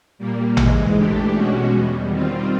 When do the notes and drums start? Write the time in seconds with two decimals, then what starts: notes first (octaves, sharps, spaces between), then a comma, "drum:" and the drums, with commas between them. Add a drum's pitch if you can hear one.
0.19 A#2 G3 A#3
0.57 G#2 E3 G#3, drum: tom A1
0.95 E3 A3 D4 G4
1.33 B2 G#3 C#4 F#4
1.71 E2 B2 G3
2.10 D#3 G3 C4 F4